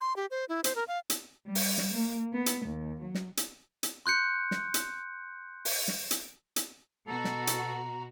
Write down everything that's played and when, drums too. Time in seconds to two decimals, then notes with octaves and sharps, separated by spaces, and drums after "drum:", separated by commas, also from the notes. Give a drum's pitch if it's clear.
0.01 C6
0.16 G4
0.31 C5
0.49 E4
0.64 C5, drum: hi-hat
0.75 A#4
0.88 F5
1.10 drum: hi-hat
1.46 G3
1.55 drum: open hi-hat
1.78 drum: snare
1.94 A#3
2.33 B3
2.46 drum: hi-hat
2.65 D#2
3.00 F#3
3.15 drum: snare
3.37 drum: hi-hat
3.83 drum: hi-hat
4.06 C6 F#6 G6 C#7
4.51 drum: snare
4.74 drum: hi-hat
5.65 drum: open hi-hat
5.88 drum: snare
6.11 drum: hi-hat
6.56 drum: hi-hat
7.08 B2 F#4 A4 A#5
7.24 drum: snare
7.47 drum: hi-hat